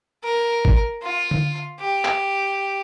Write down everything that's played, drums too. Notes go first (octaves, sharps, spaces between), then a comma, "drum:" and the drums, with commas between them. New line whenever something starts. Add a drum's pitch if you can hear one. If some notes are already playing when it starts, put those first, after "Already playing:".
A#4
drum: kick G#1
F4
drum: tom D3
G4
drum: clap